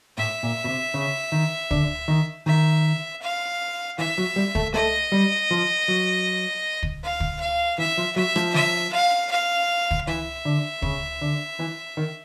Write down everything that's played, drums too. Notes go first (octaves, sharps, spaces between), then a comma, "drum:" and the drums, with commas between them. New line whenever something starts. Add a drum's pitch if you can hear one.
A2 E5
A#2
B2
C3
C#3
D#3
D3, drum: kick
D#3
D#3 E5
F5
E3 E5
F#3
G3
A3, drum: kick
A3 D#5
G3
F3
F#3
drum: kick
F5
drum: kick
F5
E3 E5
F3
F#3 E5
F3, drum: rim click
E5, drum: snare
F5
F5
drum: kick
E3 E5
D3
C#3, drum: kick
D3
E3
D#3